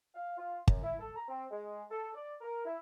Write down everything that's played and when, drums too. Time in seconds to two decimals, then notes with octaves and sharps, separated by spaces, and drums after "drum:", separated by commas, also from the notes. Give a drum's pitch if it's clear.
0.15 F5
0.38 F4
0.68 F#2, drum: kick
0.83 E4
0.99 A4
1.16 A#5
1.29 C4
1.51 G#3
1.91 A4
2.14 D5
2.41 A#4
2.66 E4